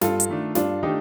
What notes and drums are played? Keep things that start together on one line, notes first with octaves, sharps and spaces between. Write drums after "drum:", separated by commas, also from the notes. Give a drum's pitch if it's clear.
G2 F4 A4, drum: snare
drum: hi-hat
D#3 A3 D4
G2 D4 F4, drum: snare
D#3 A3 D4 D#4 G4